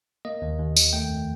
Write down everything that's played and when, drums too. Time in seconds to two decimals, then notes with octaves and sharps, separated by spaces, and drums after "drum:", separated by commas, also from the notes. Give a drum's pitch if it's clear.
0.25 A#3 D#5
0.42 D#2
0.59 D#2
0.77 D#3, drum: tambourine
0.93 A3 G5
1.10 F2